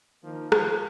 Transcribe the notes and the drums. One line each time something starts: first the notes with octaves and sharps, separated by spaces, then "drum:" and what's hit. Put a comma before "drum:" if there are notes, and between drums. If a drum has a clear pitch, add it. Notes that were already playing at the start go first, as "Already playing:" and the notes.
D#3 F3 A#3 D#4 A#4
F3, drum: rim click